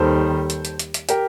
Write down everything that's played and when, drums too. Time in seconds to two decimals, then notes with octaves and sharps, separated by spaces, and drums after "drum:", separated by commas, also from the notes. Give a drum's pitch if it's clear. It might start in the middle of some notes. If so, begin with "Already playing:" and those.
Already playing: D#2 D#3 G3 A4 C5
0.50 drum: hi-hat
0.65 drum: hi-hat
0.79 drum: hi-hat
0.94 drum: hi-hat
1.09 G4 A#4, drum: hi-hat